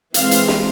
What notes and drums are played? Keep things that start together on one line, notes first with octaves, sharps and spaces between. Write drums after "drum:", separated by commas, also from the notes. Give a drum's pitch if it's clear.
E3 G#3 C4 F5, drum: hi-hat
drum: hi-hat
drum: snare